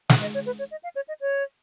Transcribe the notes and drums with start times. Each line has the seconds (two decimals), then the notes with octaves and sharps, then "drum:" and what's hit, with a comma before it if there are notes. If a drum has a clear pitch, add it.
0.09 F#5, drum: snare
0.22 D#5
0.34 C#5
0.46 B4
0.59 C#5
0.71 D#5
0.83 F5
0.96 C#5
1.08 D#5
1.21 C#5